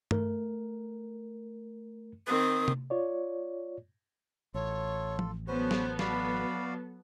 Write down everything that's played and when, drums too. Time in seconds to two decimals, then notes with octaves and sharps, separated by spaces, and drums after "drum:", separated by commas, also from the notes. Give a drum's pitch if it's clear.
0.11 A3 A#4, drum: tom G2
2.27 D#3 C4 D#6
2.68 drum: tom C3
2.90 F4 C#5 D5
4.54 A1 F4 A4 C#5
5.19 drum: tom F3
5.48 F#3 B3 C#4 F#4 A4 B4 C5
5.71 drum: snare
5.99 F#4 D5 F5 B5, drum: snare